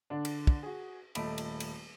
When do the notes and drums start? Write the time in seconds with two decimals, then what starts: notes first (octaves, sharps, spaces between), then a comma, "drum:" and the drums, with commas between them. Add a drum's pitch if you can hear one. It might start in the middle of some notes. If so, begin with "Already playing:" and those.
0.10 D3 D4
0.25 drum: cymbal
0.47 drum: kick
0.63 F#4 G#4
1.15 D#1 A3 D#5 B5 D7, drum: cymbal
1.38 drum: cymbal
1.60 drum: cymbal